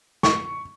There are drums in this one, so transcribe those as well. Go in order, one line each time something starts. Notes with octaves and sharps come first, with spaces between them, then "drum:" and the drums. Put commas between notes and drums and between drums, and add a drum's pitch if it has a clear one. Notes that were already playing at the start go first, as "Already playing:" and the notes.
C#6, drum: snare